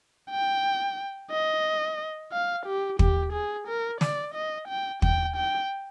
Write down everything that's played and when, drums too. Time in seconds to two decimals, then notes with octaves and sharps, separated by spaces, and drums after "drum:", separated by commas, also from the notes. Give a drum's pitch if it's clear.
0.30 G5
1.31 D#5
2.32 F5
2.66 G4
2.99 G4, drum: kick
3.33 G#4
3.67 A#4
4.01 D5, drum: snare
4.35 D#5
4.68 G5
5.02 G5, drum: kick
5.36 G5